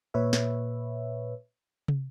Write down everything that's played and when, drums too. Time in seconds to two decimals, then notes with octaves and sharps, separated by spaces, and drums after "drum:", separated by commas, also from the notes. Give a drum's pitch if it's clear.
0.14 A#2 B4 C#5 E5
0.33 drum: snare
1.88 drum: tom